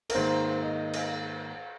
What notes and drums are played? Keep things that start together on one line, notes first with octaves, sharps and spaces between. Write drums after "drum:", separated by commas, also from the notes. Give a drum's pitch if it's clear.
A#4, drum: cymbal
G#2 D#3 A#3 C5
D#5
drum: cymbal